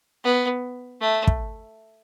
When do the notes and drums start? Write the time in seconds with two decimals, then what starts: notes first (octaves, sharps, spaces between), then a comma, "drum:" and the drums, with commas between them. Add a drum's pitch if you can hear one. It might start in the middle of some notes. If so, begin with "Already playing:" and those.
0.24 B3
1.01 A3
1.27 drum: kick